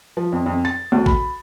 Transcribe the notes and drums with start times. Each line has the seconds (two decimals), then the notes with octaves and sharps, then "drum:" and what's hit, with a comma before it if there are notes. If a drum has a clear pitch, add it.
0.17 F3
0.32 F2
0.46 F2
0.65 A6
0.92 D2
1.06 B5, drum: kick G#1